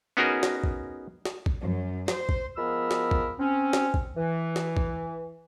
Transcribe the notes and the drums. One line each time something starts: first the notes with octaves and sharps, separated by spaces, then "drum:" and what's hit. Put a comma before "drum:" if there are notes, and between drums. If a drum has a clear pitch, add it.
B3 C#4 D#4 F#4 G#4 A#4
drum: snare
drum: kick A#1
drum: snare
drum: kick A#1
F#2
C5, drum: snare
drum: kick A#1
F3 G#3 B3 A#4 B5 E6
drum: snare
drum: kick A#1
C4 C#4
drum: snare
drum: kick A#1
E3
drum: snare
drum: kick A#1